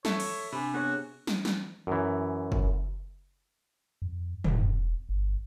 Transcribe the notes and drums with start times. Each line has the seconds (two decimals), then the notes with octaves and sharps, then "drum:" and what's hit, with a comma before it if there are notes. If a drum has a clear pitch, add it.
0.05 A4 C#5 E5, drum: snare
0.20 drum: cymbal
0.52 C3 D4 G#5 B5
0.74 B3 F#4 G#4 C#5
1.27 drum: snare
1.45 drum: snare
1.87 F#2 E3
2.52 drum: kick
4.02 F2
4.44 E1, drum: tom
5.09 G1